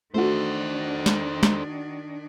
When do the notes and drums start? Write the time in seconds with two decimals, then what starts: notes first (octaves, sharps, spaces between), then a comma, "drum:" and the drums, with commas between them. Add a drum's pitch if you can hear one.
0.14 D#3 A3 D4 F#4 A4 C5
1.06 drum: snare
1.43 drum: snare